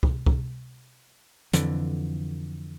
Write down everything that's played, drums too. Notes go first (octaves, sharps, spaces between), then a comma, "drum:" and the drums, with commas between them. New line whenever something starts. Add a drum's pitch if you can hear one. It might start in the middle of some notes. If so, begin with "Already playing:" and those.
drum: kick
drum: kick
F2 D3 E3, drum: hi-hat